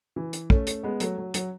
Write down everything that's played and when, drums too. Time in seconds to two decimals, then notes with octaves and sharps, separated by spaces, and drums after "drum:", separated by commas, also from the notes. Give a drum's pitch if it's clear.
0.16 E3
0.33 drum: hi-hat
0.50 A3 C#4, drum: kick
0.67 drum: hi-hat
0.83 G#3 B3
1.00 F#3 A3, drum: hi-hat
1.18 F#3
1.34 F#3, drum: hi-hat